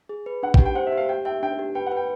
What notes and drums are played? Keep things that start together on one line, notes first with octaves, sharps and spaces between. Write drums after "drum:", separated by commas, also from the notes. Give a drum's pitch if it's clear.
G#4
B4
D4 F#5
G5, drum: kick
G4
G5
C5 F#5
E5
G4
F5
G4 G5
E5 G5
D4 G5
G4
B4 G5
B4 F#5
G5